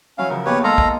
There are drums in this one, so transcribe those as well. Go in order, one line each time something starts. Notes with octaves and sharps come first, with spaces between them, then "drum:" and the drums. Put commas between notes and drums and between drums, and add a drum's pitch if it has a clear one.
E3 F#3 C#4 F5
C#3 F3 A#4
D#2 B3 G4 G#4 B4 C#5
G#3 A4 D#5 F5 A#5 C6
D#5, drum: kick